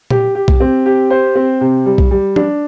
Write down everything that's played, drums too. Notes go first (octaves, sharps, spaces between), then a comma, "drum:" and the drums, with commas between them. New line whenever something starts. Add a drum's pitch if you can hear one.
G4, drum: tom A#2
G4
drum: kick B1
C4
G4
C5
C4
C3
G3
drum: kick B1
G3
D4, drum: tom